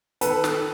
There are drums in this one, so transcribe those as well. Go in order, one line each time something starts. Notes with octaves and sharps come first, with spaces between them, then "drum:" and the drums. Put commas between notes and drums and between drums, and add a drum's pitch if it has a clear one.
D#3 A4 B4, drum: hi-hat
drum: snare